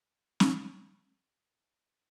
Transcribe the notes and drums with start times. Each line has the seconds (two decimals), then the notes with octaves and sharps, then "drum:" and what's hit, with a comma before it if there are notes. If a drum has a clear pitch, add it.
0.40 drum: snare
0.85 G3 D4 E4
1.49 D#4 A4 C#5